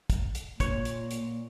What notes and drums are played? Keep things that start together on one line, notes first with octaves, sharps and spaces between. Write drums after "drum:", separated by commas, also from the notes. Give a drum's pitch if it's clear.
drum: kick, hi-hat
drum: hi-hat
A#2 C#5, drum: kick, hi-hat
drum: hi-hat
drum: hi-hat